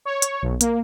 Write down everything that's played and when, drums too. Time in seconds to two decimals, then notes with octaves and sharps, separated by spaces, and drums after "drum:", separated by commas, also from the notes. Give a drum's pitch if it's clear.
0.05 C#5
0.22 drum: hi-hat
0.42 B1
0.61 A#3, drum: hi-hat